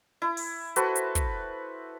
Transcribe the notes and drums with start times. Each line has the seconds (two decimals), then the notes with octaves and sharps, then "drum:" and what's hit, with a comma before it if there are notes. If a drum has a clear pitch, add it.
0.22 E4
0.37 drum: open hi-hat
0.76 F#4 A4 B4 C5, drum: hi-hat
0.96 drum: hi-hat
1.15 drum: kick, hi-hat